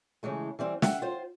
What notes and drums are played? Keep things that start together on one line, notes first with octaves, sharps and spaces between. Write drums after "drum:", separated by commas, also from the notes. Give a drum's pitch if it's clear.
C#3 E3 G#3 A3
E3 G3 C4
E5 F#5 G5, drum: snare
F4 C5